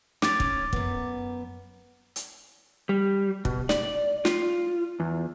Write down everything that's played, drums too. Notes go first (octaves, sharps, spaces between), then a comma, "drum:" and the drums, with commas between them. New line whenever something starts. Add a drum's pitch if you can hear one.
C#4 D6 A6, drum: snare
drum: kick
F#2 B3, drum: kick
drum: hi-hat
G3
B2, drum: kick
D5, drum: snare
F4, drum: snare
E2